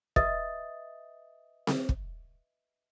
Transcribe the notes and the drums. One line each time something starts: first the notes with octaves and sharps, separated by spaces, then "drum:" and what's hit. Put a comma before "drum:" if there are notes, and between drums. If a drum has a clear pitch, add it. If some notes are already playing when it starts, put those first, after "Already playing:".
B4 D#5 E5 D#6 A6, drum: kick
drum: snare C4
drum: kick